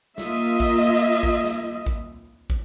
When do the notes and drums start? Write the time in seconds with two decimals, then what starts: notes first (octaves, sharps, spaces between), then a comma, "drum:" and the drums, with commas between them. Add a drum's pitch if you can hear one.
0.18 A#3 F4 D#5 E5, drum: snare
0.60 drum: kick
1.23 drum: kick
1.44 drum: snare
1.86 drum: kick
2.50 drum: kick